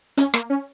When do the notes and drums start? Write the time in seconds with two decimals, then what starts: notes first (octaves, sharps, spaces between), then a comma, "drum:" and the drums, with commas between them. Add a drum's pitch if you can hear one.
0.17 C#4, drum: hi-hat
0.34 A#3, drum: rim click
0.50 C#4